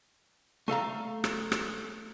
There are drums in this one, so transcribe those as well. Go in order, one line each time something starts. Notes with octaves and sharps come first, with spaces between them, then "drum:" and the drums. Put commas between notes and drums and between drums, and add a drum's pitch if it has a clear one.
A3 A4 F5 A#5
drum: rim click
drum: rim click